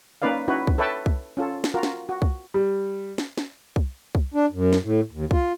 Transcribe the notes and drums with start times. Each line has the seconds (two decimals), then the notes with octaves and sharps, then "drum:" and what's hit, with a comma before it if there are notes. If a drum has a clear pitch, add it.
0.22 A#3 C#4 D#4 B4 D5 F5
0.48 C#4 D#4 E4 F#4 B4 C#5
0.67 drum: kick
0.78 A4 B4 C#5 E5 G5 A5
1.06 drum: kick
1.37 C#4 F4 A4
1.64 drum: snare
1.74 F4 F#4 A#4
1.83 drum: snare
2.09 F#4
2.22 drum: kick
2.54 G3
3.18 drum: snare
3.38 drum: snare
3.76 drum: kick
4.15 drum: kick
4.34 D4
4.52 F#2
4.73 drum: snare
4.83 A2
5.11 D#2
5.31 F4, drum: kick